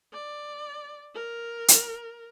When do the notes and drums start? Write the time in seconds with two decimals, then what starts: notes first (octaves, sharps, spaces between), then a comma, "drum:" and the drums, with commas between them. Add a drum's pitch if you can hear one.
0.13 D5
1.15 A#4
1.68 drum: hi-hat